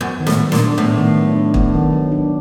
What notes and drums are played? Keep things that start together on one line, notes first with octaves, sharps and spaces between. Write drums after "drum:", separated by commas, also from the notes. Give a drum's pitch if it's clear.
F#2 B3
D#3
A2, drum: snare
F#3
A#2, drum: snare
D4
A2 B3
D#3
F#3
D4
B3, drum: kick
D#3
F#3
D4